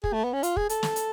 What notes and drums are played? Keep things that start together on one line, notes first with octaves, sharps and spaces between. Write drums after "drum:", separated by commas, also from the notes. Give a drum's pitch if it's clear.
G#4, drum: kick
A3
B3
C#4
F4, drum: hi-hat
G#4, drum: kick
A4, drum: hi-hat
drum: snare
drum: hi-hat